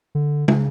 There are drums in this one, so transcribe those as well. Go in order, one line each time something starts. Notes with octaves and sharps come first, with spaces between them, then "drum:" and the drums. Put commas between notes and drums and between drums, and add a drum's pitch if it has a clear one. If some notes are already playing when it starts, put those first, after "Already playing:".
D3
C#3, drum: tom